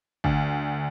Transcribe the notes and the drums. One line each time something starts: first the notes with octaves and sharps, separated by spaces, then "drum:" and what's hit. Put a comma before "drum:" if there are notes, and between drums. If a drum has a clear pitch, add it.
D2, drum: kick